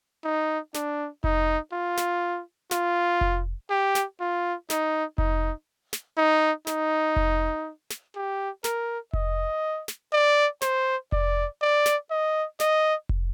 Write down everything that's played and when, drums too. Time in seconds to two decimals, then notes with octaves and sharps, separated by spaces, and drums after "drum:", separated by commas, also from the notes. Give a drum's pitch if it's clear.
0.24 D#4
0.75 D4, drum: snare
1.24 D#4, drum: kick F1
1.72 F4
1.98 drum: snare
2.71 F4, drum: snare
3.21 drum: kick F1
3.70 G4
3.95 drum: snare
4.20 F4
4.70 D#4, drum: snare
5.18 D#4, drum: kick F1
5.93 drum: snare
6.17 D#4
6.67 D#4, drum: snare
7.16 drum: kick F1
7.91 drum: snare
8.15 G4
8.64 A#4, drum: snare
9.13 D#5, drum: kick F1
9.88 drum: snare
10.13 D5
10.62 C5, drum: snare
11.12 D5, drum: kick F1
11.62 D5
11.86 drum: snare
12.10 D#5
12.60 D#5, drum: snare
13.09 drum: kick F1